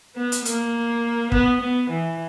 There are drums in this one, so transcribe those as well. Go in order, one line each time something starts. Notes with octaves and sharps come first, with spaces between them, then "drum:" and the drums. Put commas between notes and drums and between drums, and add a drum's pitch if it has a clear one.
B3
drum: hi-hat
A#3, drum: hi-hat
B3, drum: kick
B3
E3